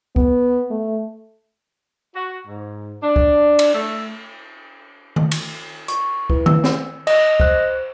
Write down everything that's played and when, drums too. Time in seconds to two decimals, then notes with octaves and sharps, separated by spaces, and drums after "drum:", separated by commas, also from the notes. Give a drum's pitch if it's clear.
0.16 B3, drum: kick C#2
0.71 A3
2.15 F#4
2.47 G#2
3.03 D4
3.16 drum: kick C#2
3.59 drum: cymbal
3.74 A3
5.16 drum: tom D#3
5.31 drum: cymbal
5.88 C#6, drum: hi-hat
6.30 E4 B4, drum: kick C#2
6.46 E6, drum: tom D#3
6.64 drum: snare
7.07 D#5, drum: cymbal
7.40 C5 F#6, drum: kick C#2